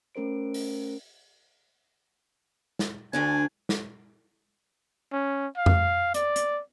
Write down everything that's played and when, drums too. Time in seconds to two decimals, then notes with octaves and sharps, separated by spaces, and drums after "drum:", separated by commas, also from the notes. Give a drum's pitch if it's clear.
0.15 A3 C#4 A#4 C5 D7
0.54 drum: open hi-hat
2.79 drum: snare
3.13 D2 D3 D4 G#5
3.69 drum: snare
5.13 C#4
5.57 F5
5.66 drum: tom F2
6.14 D5, drum: hi-hat
6.36 drum: hi-hat